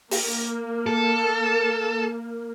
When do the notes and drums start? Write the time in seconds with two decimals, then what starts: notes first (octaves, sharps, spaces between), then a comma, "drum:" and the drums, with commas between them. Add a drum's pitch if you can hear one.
0.11 A#3, drum: open hi-hat
0.86 A4